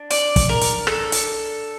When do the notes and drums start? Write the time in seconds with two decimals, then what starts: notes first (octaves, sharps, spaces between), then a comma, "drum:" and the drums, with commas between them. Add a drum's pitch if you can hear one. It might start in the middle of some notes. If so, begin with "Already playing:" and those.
Already playing: D4
0.10 D5, drum: hi-hat
0.36 drum: kick, hi-hat
0.49 A#4
0.61 drum: hi-hat
0.87 A4, drum: rim click
1.12 drum: hi-hat